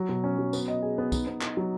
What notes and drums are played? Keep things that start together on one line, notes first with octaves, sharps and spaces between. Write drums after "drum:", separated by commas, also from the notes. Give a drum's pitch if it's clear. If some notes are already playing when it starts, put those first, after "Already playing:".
Already playing: F#3
B2
C#4
F#3
B3, drum: tambourine
D#5
G#4
B3
D#4, drum: kick, tambourine
B3
D#4, drum: clap
F#3